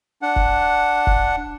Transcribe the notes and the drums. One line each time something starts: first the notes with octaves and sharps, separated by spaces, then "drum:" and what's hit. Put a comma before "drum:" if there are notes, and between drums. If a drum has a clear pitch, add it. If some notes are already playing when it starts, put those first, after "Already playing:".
D4 F#5
drum: kick F1
drum: kick F1